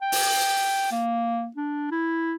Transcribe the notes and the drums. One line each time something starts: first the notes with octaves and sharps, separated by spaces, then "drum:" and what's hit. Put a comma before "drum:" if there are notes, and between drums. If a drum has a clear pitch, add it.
G5
drum: open hi-hat
A#3
D4
E4